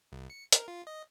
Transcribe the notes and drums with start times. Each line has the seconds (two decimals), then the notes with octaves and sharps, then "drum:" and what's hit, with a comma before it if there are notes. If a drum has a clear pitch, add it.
0.12 C2
0.30 C#7
0.52 A#4, drum: hi-hat
0.68 F4
0.87 D#5